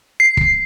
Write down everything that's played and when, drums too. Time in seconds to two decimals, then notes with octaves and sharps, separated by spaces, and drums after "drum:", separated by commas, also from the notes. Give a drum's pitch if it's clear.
0.20 C7
0.37 drum: kick